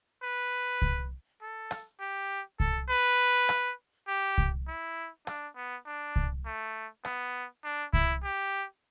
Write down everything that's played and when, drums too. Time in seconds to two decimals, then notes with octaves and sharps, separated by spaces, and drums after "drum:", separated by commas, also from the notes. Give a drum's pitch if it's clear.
0.23 B4
0.82 drum: kick C2
1.42 A4
1.71 drum: rim click
2.00 G4
2.60 A4, drum: kick C2
2.89 B4
3.49 drum: rim click
4.08 G4
4.38 drum: kick C2
4.68 E4
5.27 D4, drum: rim click
5.56 B3
5.86 D4
6.16 drum: kick C2
6.46 A3
7.05 B3, drum: rim click
7.64 D4
7.93 E4, drum: kick C2
8.24 G4